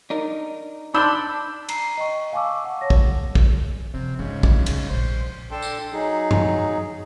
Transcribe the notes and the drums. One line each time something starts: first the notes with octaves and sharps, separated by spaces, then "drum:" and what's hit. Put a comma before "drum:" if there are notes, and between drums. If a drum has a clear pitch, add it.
D4 D#4 A#4
D4 D#4 A5 B5 C6 E6 G6
A#5 C7, drum: cymbal
D#5 G5 C#6
F5 G#5 A5 C#6 D6 E6
F#5
C#5 A5 A#6
drum: kick
drum: kick
C3 F3
G#2 C#3 F#3
drum: kick
D3, drum: cymbal
A#1 G3 C5
D4 A4 G5 A5 C6
drum: tambourine
F#3 D#4 G#4
drum: tom F#2